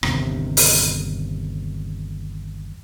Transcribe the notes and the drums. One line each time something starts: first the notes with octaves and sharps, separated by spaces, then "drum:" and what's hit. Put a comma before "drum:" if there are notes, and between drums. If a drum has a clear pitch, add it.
G1 D#2 C3, drum: rim click
drum: open hi-hat